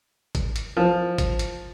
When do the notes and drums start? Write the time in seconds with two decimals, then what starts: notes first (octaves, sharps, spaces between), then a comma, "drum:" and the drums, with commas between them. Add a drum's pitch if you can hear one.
0.35 drum: kick G1, hi-hat
0.56 drum: hi-hat
0.77 F3
1.18 drum: kick G1, hi-hat
1.39 drum: hi-hat